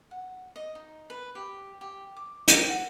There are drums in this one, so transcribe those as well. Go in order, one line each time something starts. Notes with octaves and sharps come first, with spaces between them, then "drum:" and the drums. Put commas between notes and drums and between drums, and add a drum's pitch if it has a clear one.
F#5
D#5
D#4
B4
G4
G4
D6
G5, drum: hi-hat
F#5